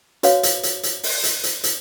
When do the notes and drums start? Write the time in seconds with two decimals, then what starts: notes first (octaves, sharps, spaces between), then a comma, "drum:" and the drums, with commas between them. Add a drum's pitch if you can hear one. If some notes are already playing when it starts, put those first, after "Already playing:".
0.23 F#4 B4 C#5 F5, drum: hi-hat
0.43 drum: hi-hat
0.63 drum: hi-hat
0.83 drum: hi-hat
1.03 drum: open hi-hat
1.23 drum: hi-hat
1.43 drum: hi-hat
1.64 drum: hi-hat